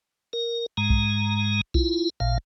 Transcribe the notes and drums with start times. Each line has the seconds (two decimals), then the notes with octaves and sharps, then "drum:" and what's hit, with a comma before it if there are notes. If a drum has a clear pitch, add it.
0.33 A#4
0.77 G#2 G#3 A#5
0.90 drum: kick B1
1.74 E4 F4, drum: kick B1
2.20 A1 A#2 F5